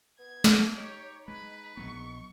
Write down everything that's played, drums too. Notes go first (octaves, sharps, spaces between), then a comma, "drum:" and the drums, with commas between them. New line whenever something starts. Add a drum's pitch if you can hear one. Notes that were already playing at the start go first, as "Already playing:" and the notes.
B3 G#6
drum: snare
D#4 G4 C#5
G#3 B4 B5
A#1 F#3 B3 C#6